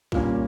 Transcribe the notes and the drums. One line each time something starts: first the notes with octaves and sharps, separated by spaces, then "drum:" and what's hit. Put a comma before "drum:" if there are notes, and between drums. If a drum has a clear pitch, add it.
A#2 G3 A#3 C#4, drum: kick